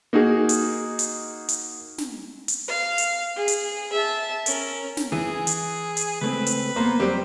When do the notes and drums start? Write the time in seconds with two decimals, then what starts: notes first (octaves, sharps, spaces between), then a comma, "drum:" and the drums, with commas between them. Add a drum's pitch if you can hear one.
0.13 A#3 D#4 F#4 G#4
0.49 drum: hi-hat
0.99 drum: hi-hat
1.49 drum: hi-hat
1.98 drum: snare
2.48 drum: hi-hat
2.68 F5
2.98 drum: hi-hat
3.36 G#4
3.48 drum: hi-hat
3.92 E5 A5
4.46 C#4 A#4, drum: hi-hat
4.97 drum: snare
5.12 E3 G#4
5.47 drum: hi-hat
5.97 drum: hi-hat
6.22 C#2 A3 C4 B4
6.46 drum: hi-hat
6.76 A#3 B3 C5
7.00 F#3 G3 C4 G4 C5